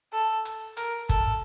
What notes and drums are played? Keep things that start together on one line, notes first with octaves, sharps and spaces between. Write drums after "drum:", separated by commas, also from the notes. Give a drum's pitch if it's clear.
A4
drum: hi-hat
A#4, drum: hi-hat
A4, drum: kick, hi-hat